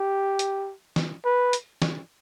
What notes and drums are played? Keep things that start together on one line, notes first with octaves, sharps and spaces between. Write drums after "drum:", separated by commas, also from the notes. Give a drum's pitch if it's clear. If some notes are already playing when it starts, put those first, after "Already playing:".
Already playing: G4
drum: hi-hat
drum: snare
B4
drum: hi-hat
drum: snare